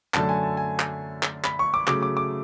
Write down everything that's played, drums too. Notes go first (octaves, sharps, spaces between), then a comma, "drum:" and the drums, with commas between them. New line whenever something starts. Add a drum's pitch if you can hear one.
F#2 D3 A3 A5, drum: clap
G#5
A5
G#5
drum: clap
drum: clap
B5, drum: clap
C#6
D6
C#3 F#3 A3 D6, drum: clap
D6
D6